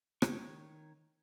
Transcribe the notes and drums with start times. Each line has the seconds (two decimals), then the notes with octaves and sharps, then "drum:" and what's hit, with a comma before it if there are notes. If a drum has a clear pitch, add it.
0.22 D#3 C#5 C#6, drum: rim click